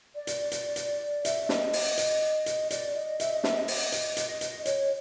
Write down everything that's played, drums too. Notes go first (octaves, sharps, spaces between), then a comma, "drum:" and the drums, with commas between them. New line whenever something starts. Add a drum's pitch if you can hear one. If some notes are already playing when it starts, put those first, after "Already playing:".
D5
drum: hi-hat
drum: hi-hat
drum: hi-hat
E5, drum: hi-hat
D#5, drum: snare
drum: open hi-hat
drum: hi-hat
drum: hi-hat
D5, drum: hi-hat
D#5
E5, drum: hi-hat
D#5
E5, drum: snare
D#5
drum: open hi-hat
drum: hi-hat
drum: hi-hat
drum: hi-hat
C#5, drum: hi-hat